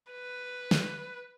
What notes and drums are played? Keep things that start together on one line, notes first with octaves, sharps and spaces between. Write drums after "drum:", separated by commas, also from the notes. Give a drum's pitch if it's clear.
B4
drum: snare